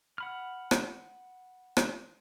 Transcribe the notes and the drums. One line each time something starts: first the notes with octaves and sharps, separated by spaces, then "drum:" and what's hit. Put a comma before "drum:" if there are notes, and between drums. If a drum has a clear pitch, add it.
F#5 B5 F6
drum: rim click
drum: rim click